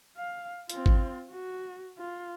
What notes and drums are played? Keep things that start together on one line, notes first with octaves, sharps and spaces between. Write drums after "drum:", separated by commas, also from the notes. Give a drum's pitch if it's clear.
F5
C4 F4, drum: hi-hat
drum: kick G#1
F#4
F4